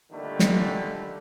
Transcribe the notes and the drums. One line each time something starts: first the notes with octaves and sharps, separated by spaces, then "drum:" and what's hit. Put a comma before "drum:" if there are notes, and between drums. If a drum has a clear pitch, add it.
A#2 D3 D#3 G3 A3
drum: snare